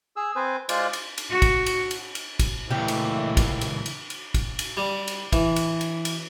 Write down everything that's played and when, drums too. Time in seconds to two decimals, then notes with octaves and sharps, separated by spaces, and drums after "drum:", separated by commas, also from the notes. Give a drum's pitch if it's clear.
0.16 G#4 E6
0.36 C4 B4 C5 G#5
0.69 G#3 F4 C5 D5, drum: cymbal
0.93 drum: cymbal
1.18 drum: cymbal
1.30 F#4
1.42 drum: kick, cymbal
1.66 drum: cymbal
1.91 drum: cymbal
2.15 drum: cymbal
2.39 drum: kick, cymbal
2.71 C#2 A#2 E3 A3 G4
2.88 drum: cymbal
3.37 drum: kick, cymbal
3.61 drum: cymbal
3.86 drum: cymbal
4.10 drum: cymbal
4.34 drum: kick, cymbal
4.59 drum: cymbal
4.77 G3
5.08 drum: cymbal
5.33 E3, drum: kick, cymbal
5.56 drum: cymbal
5.81 drum: cymbal
6.05 drum: cymbal